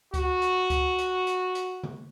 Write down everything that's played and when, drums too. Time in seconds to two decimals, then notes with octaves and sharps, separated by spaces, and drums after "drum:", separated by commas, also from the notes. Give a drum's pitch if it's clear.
0.14 F#4, drum: kick C#2, hi-hat
0.42 drum: hi-hat
0.70 drum: kick C#2, hi-hat
0.98 drum: hi-hat
1.27 drum: hi-hat
1.55 drum: hi-hat
1.83 drum: tom C#3